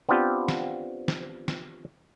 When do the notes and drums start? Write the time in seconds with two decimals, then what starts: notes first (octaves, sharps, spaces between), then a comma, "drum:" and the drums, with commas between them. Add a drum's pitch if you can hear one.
0.09 B3 C4 D4 F4 G4
0.48 drum: snare
1.08 drum: snare
1.48 drum: snare